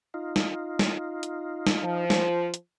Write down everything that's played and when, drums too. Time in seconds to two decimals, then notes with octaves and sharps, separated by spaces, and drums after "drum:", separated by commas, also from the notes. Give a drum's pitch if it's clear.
0.14 D#4 F4
0.36 drum: snare
0.79 drum: snare
1.23 drum: hi-hat
1.67 drum: snare
1.84 F3
2.10 drum: snare
2.54 drum: hi-hat